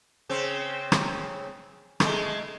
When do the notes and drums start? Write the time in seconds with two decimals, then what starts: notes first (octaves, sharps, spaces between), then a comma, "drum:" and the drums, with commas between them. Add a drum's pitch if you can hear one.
0.29 C#3 C4
0.92 drum: rim click
2.00 G#3 A3, drum: rim click